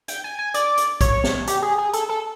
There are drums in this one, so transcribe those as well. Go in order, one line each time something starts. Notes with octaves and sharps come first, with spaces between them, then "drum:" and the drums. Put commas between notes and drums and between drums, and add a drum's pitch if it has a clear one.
G5, drum: hi-hat
G#5
G#5
D5, drum: hi-hat
drum: hi-hat
C#5, drum: kick, hi-hat
drum: snare
G4, drum: hi-hat
G#4
G#4
A4, drum: hi-hat
A4